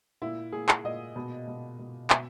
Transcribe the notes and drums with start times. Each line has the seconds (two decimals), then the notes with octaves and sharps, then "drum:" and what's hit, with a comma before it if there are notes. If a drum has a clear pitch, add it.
0.22 A#2 E4
0.52 A#2 G#4
0.69 drum: clap
0.84 A#2 D#5
1.16 B2
1.47 B2
1.79 B2
2.10 B2 E5, drum: clap